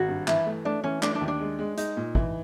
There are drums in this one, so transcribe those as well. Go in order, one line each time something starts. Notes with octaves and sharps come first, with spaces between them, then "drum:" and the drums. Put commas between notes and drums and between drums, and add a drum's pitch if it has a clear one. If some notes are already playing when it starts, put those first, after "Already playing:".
Already playing: G#1 F#4
G2
E3 E4, drum: clap
A3
A3 D4
E3 C#4
A3 D4, drum: clap
D4
D#2
D4
G#3
G#3
G#3 D#4, drum: hi-hat
A#2
E3, drum: kick